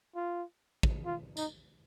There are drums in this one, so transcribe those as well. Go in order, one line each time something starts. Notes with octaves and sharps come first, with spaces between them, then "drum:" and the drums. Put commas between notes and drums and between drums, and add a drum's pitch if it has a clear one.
F4
drum: kick
F4
D#4, drum: tambourine